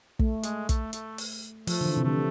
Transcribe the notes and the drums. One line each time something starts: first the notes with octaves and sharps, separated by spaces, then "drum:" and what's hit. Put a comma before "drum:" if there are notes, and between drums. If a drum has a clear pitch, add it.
A3, drum: kick
G#3, drum: hi-hat
A3, drum: kick, hi-hat
A3, drum: hi-hat
drum: open hi-hat
F3 A3, drum: open hi-hat
D3
E3
C3
D3 A3